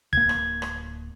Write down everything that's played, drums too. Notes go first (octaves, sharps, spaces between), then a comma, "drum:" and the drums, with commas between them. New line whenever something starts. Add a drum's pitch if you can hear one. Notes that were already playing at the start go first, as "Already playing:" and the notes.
D1 A#3 G#6, drum: kick
drum: rim click
drum: rim click